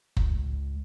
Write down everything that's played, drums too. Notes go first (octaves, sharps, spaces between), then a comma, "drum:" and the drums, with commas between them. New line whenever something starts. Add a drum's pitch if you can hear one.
C#2, drum: kick F#1